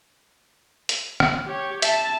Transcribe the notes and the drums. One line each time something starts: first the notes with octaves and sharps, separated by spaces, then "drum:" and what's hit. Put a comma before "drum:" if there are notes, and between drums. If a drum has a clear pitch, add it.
drum: hi-hat
drum: rim click
G4 C#5
E5 A5, drum: hi-hat